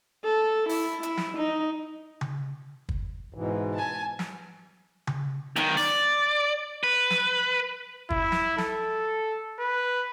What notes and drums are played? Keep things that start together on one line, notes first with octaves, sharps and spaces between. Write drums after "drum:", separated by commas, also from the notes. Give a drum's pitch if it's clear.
A4
E4, drum: open hi-hat
E4, drum: hi-hat
drum: snare
D#4
drum: tom C#3
drum: kick
G#2 B2 E3
G#5 A5
drum: snare
drum: tom C#3
B1 D#3, drum: hi-hat
D5, drum: open hi-hat
B4
drum: snare
E4, drum: kick
drum: snare
A4, drum: snare
B4